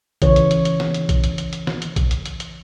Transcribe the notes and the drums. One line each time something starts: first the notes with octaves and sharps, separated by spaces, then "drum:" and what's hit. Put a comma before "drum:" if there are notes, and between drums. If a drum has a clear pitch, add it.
C#3 E3 C#5, drum: kick A#1, hi-hat
drum: hi-hat
drum: hi-hat
drum: hi-hat
drum: snare
drum: hi-hat
drum: kick A#1, hi-hat
drum: hi-hat
drum: hi-hat
drum: hi-hat
drum: snare
drum: hi-hat
drum: kick A#1, hi-hat
drum: hi-hat
drum: hi-hat
drum: hi-hat